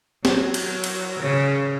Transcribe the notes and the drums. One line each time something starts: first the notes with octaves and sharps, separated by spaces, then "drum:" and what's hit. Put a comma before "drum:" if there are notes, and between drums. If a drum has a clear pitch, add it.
F#3, drum: snare
drum: cymbal
drum: cymbal
C#3